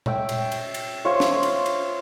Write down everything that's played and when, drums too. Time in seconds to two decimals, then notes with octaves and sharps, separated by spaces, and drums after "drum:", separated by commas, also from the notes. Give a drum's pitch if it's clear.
0.06 C#5 E5 G5, drum: tom A#2
0.29 drum: cymbal
0.52 drum: cymbal
0.74 drum: cymbal
1.05 F4 C5 C#5 E5
1.20 drum: snare
1.43 drum: cymbal
1.66 drum: cymbal